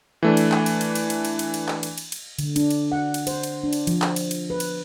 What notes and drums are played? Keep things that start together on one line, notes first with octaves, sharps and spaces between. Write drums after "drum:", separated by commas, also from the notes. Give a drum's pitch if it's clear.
E3 A3 D4
drum: cymbal
drum: clap
drum: cymbal
drum: cymbal
drum: cymbal
drum: cymbal
drum: cymbal
drum: cymbal
drum: cymbal
drum: clap
drum: cymbal
drum: cymbal
drum: cymbal
D3, drum: cymbal
D4, drum: cymbal
drum: cymbal
F#5
drum: cymbal
C5, drum: cymbal
drum: cymbal
D4
drum: cymbal
F3, drum: cymbal
drum: clap
drum: cymbal
drum: cymbal
B4
drum: cymbal